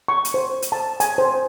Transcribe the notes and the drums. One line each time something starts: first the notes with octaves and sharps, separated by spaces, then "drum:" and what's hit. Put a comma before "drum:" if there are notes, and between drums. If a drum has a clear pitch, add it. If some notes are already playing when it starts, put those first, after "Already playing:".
C#6
drum: hi-hat
C5
drum: hi-hat
A5
G#5, drum: hi-hat
C5